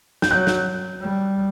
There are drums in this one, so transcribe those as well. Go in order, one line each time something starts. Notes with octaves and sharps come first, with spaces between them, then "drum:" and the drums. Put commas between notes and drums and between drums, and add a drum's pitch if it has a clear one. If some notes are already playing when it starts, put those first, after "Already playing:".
G6, drum: snare
F#3 F#6
drum: snare
G3